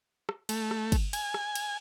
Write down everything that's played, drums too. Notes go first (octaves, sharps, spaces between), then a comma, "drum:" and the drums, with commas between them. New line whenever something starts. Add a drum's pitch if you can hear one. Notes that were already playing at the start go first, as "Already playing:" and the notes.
drum: rim click
A3, drum: cymbal
drum: rim click
drum: kick, cymbal
G#5, drum: cymbal
drum: rim click
drum: cymbal